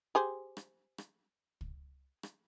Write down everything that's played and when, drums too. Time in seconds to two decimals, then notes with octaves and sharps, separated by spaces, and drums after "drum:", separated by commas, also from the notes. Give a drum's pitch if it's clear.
0.15 G4 G#4 C5
0.57 drum: rim click
0.98 drum: rim click
1.61 drum: kick
2.23 drum: rim click